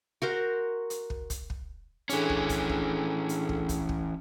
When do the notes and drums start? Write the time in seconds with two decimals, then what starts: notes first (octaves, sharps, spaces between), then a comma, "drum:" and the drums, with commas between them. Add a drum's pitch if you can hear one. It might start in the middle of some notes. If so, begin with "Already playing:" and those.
0.22 F#4 A#4 C5
0.90 drum: hi-hat
1.10 drum: kick
1.30 drum: kick, hi-hat
1.50 drum: kick
2.10 E3 C#4 D4 G#4 A4, drum: hi-hat
2.29 drum: kick
2.49 drum: kick, hi-hat
2.69 drum: kick
3.29 drum: hi-hat
3.49 drum: kick
3.69 drum: kick, hi-hat
3.89 drum: kick